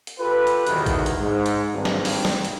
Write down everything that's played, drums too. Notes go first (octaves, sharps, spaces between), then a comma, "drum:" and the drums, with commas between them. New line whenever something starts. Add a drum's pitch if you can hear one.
drum: hi-hat
F4 G4 A4 B4
drum: hi-hat
B1 E2 G#2 D3 D#3 B3, drum: hi-hat
drum: kick, hi-hat
drum: hi-hat
G#2
drum: hi-hat
G#1 G2
drum: snare
drum: open hi-hat
drum: snare
drum: hi-hat